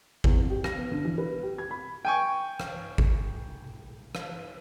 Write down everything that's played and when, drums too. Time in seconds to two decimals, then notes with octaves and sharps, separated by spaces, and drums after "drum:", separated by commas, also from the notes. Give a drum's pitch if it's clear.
0.24 E2, drum: kick G#1
0.36 F2
0.50 G4
0.64 A#6, drum: rim click
0.77 B3
0.91 D3
1.05 E3
1.18 B4
1.43 G4
1.58 G#6
1.71 B5
2.05 G5 G#5 C#6
2.60 drum: rim click
2.98 drum: kick G#1
4.15 drum: rim click